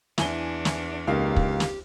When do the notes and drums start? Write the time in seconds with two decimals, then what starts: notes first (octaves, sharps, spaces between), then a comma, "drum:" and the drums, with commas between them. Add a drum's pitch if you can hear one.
0.18 E2 D4 E4 G#5 G7, drum: snare
0.65 drum: snare
1.07 C#2 A#3 D#4 G4 F5
1.36 drum: kick
1.60 drum: snare